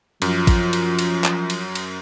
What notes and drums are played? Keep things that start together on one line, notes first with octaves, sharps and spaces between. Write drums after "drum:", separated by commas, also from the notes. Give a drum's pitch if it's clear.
F#2 F3, drum: cymbal
drum: kick, cymbal
drum: cymbal
drum: cymbal
drum: clap
drum: cymbal
drum: cymbal